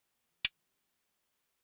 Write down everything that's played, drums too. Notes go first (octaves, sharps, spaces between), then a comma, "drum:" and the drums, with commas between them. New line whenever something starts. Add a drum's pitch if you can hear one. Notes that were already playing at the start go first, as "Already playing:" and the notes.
A#3
A3
F3
G3
F3, drum: hi-hat
F3
C3